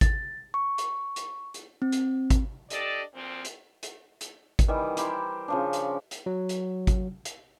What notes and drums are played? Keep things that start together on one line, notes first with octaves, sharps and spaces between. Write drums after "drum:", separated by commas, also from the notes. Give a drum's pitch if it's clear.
A6, drum: kick G#1, hi-hat
C#6
drum: hi-hat
drum: hi-hat
drum: hi-hat
C4
drum: hi-hat
drum: kick G#1, hi-hat
D4 G4 A4 D5 D#5, drum: hi-hat
D2 A#2 F3 C4
drum: hi-hat
drum: hi-hat
drum: hi-hat
drum: kick G#1, hi-hat
D#3 E3 G3
E4 G4 A#4 C5, drum: hi-hat
C#3 F3 D4
drum: hi-hat
drum: hi-hat
F#3
drum: hi-hat
drum: kick G#1, hi-hat
drum: hi-hat